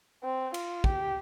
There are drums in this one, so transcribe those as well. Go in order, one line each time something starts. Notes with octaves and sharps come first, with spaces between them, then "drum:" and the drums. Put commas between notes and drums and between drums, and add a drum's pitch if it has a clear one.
C4
F4, drum: cymbal
G4, drum: kick